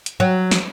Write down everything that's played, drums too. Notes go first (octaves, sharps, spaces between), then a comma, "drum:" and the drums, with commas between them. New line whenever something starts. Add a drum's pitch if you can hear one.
drum: hi-hat
F#3
drum: snare